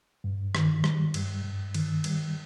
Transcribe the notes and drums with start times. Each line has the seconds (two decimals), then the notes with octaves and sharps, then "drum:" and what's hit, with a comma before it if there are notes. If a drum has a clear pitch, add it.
0.24 G2
0.55 D#3, drum: rim click
0.84 G3, drum: rim click
1.14 G2, drum: cymbal
1.44 G2
1.74 D#3, drum: cymbal
2.04 G3, drum: cymbal